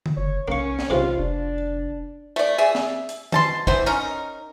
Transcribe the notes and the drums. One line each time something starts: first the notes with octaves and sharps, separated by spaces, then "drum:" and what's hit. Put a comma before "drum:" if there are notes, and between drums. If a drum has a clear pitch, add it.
drum: tom
F#1 C#5
B1 A#3 C#4 C#6
drum: snare
B1 G#2 C3 E3 F4
F1 D4
A3 D5
G#4 D5 E5
drum: snare
drum: hi-hat
B2 A5 C6, drum: tom
E3 B3 C4 C5, drum: kick
C#4 D#4 A#4